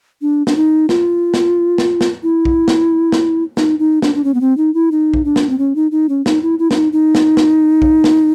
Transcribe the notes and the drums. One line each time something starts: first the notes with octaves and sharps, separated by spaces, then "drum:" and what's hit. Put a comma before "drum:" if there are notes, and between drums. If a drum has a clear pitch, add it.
D4
D4, drum: snare
D#4
F4, drum: snare
drum: snare
drum: snare
drum: snare
E4
drum: kick B1
drum: snare
drum: snare
D#4, drum: snare
D#4
D4, drum: snare
D4
C#4
B3
C4
D#4
E4
D#4
drum: kick B1
D4
drum: snare
C4
C#4
D#4
D#4
C#4
D#4, drum: snare
E4
E4
D4, drum: snare
D#4
D#4
drum: snare
drum: snare
drum: kick B1
drum: snare